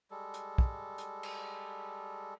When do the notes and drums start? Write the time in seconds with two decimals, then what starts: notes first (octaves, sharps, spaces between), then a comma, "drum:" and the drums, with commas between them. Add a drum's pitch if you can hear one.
0.11 G3 G#3 A4
0.34 drum: hi-hat
0.58 drum: kick
0.98 drum: hi-hat
1.23 drum: cymbal